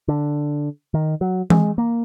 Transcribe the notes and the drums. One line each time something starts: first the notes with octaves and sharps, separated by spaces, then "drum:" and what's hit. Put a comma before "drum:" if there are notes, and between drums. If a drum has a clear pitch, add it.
D3
D#3
F#3
G#3, drum: tom E3
A#3